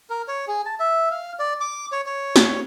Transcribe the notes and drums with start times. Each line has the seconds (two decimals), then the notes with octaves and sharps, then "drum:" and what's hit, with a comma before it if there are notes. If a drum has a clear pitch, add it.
0.10 A#4
0.28 C#5
0.47 G#4
0.66 A5
0.80 E5
1.11 F5
1.39 D5
1.61 D6
1.92 C#5
2.06 C#5
2.36 drum: snare